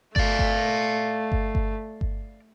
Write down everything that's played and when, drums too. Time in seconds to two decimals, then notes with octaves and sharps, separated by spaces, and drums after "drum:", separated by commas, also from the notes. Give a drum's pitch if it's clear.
0.16 A3 D5 F5, drum: kick G1
0.39 drum: kick G1
1.32 drum: kick G1
1.55 drum: kick G1
2.01 drum: kick G1